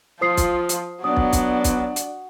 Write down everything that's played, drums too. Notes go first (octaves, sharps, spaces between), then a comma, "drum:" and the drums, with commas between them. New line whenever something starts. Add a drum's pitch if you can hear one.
F3 F4 C5 D#6 C7
drum: kick, hi-hat
drum: hi-hat
F#3 B3 D4 D5 D#6
drum: kick
drum: kick, hi-hat
drum: kick, hi-hat
drum: hi-hat